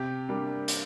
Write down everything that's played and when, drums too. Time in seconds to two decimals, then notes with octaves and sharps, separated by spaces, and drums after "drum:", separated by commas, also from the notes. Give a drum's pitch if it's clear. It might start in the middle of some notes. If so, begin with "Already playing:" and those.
Already playing: C3 G4
0.29 G3 A#3 D4
0.68 drum: hi-hat